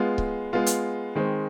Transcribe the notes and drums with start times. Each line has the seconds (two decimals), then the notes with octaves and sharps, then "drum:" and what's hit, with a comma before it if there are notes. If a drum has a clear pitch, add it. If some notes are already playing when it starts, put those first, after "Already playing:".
Already playing: G#3 B3 F4
0.18 drum: kick C#1
0.53 G#3 B3 F4
0.66 drum: hi-hat
1.15 D#3 G#3 C4